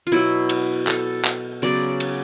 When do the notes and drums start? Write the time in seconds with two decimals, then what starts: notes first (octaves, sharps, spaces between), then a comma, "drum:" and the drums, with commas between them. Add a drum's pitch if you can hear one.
0.07 F4
0.12 B2 F#3 B3 E4
0.49 drum: cymbal
0.87 A4, drum: clap
1.25 drum: clap
1.62 C#3 F#3 B3 D5
2.00 drum: cymbal